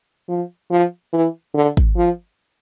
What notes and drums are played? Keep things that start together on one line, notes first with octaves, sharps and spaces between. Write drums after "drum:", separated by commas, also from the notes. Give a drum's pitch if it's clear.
F3
F3
E3
D3
drum: kick
F3